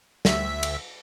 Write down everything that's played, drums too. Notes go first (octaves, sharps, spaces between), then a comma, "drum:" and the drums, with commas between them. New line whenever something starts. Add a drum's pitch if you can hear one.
D2 E5 B6, drum: snare
drum: cymbal